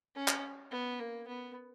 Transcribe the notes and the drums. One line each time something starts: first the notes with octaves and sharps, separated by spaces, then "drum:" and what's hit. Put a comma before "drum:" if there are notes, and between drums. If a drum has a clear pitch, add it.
C#4
drum: clap
B3
A#3
B3